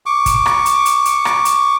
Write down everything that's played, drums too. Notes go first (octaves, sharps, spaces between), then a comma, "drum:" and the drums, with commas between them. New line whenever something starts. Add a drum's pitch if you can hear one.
C#6 D6
drum: kick, hi-hat
drum: rim click
drum: hi-hat
drum: hi-hat
drum: hi-hat
drum: rim click
drum: hi-hat